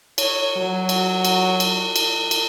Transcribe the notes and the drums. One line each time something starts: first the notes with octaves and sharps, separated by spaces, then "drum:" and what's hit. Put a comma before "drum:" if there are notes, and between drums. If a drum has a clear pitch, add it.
C#5, drum: cymbal
F#3
drum: cymbal
drum: cymbal
drum: cymbal
drum: cymbal
drum: cymbal